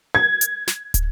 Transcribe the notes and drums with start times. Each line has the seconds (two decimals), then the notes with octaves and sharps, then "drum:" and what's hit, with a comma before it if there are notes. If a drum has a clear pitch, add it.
0.15 G#6
0.41 drum: hi-hat
0.67 drum: snare
0.94 drum: kick, hi-hat